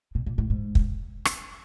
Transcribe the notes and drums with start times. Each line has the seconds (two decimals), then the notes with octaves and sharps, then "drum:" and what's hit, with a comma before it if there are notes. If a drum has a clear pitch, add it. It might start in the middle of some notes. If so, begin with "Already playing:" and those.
0.15 B2
0.26 A#2
0.38 A2
0.50 G#2
0.75 drum: kick
1.25 drum: rim click